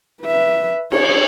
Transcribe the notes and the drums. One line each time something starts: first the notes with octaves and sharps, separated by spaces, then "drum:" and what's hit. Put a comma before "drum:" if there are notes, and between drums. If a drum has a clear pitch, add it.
B4 E5
C#5, drum: cymbal